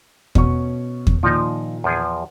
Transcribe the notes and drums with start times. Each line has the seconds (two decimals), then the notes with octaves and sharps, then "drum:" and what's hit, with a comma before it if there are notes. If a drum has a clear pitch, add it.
0.35 B2 C#4 C#6, drum: kick E2
1.07 drum: kick E2
1.23 A#2 D#3 F3 D#4
1.84 E2 F3 G#4